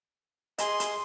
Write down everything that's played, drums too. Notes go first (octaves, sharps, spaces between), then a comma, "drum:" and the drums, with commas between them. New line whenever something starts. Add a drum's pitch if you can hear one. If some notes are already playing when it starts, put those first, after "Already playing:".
G#4 D#5 G#5 C6, drum: hi-hat
drum: hi-hat